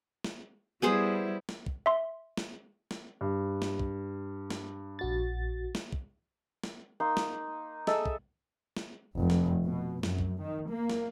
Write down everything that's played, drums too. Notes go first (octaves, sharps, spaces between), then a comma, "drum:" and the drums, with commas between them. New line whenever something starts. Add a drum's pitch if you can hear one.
drum: snare
G3 B3 E4 G#4 C5
drum: snare
drum: kick
E5 C6
drum: snare
drum: snare
G2
drum: snare
drum: kick
drum: snare
A#1 F#4 A6
drum: snare
drum: kick
drum: snare
A#3 D#4 C6
drum: snare
G#4 A4 D#5 E5, drum: snare
drum: kick
drum: snare
F1
drum: snare
B2
F#2, drum: snare
drum: kick
D#3
A#3
drum: snare